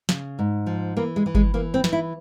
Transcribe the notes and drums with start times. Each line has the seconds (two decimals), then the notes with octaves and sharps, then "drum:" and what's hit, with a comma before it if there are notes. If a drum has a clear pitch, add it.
0.09 C#3, drum: snare
0.39 G#2
0.66 F3
0.97 E3 A#3
1.16 G#3
1.26 E3
1.35 G#3, drum: kick G1
1.54 E3 A#3
1.74 C4
1.84 E3, drum: snare
1.93 E4